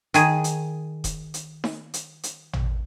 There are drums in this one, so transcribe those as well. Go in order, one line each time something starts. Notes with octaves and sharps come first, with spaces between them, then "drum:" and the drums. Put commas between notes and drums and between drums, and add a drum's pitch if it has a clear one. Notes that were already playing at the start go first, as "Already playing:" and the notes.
D#3 G#4, drum: hi-hat
drum: hi-hat
drum: kick E1, hi-hat
drum: hi-hat
drum: snare D#4
drum: hi-hat
drum: hi-hat
drum: tom